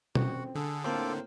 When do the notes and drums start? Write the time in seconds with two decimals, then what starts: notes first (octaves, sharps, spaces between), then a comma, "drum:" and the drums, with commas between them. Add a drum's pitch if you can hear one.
0.15 C4 F#4 F#5, drum: tom B2
0.55 D3 G#4 A4
0.84 A2 A#3 C4 F4 A4 C5 D6